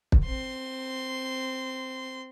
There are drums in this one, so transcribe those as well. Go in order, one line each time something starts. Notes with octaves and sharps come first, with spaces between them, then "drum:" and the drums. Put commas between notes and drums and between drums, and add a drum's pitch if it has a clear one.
drum: kick
C4 C6